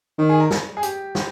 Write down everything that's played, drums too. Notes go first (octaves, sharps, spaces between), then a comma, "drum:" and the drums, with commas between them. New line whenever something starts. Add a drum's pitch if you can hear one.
D#3
G#4
A#4
drum: snare
G#4
G4, drum: hi-hat
drum: snare